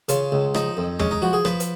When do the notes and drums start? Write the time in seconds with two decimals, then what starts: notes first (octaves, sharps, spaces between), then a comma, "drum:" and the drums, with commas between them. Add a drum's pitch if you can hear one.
0.09 C#3 F4, drum: hi-hat
0.32 C#2
0.54 F3 D#4, drum: rim click
0.77 F2
0.99 G#3 C#4, drum: tom
1.11 D#4
1.22 F3 F#4
1.33 G#4
1.45 F3 B4, drum: rim click
1.60 drum: hi-hat